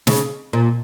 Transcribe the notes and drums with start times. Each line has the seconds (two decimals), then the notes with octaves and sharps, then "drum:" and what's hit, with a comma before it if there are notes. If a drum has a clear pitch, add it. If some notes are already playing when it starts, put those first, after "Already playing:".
0.07 C#3, drum: snare
0.53 A#2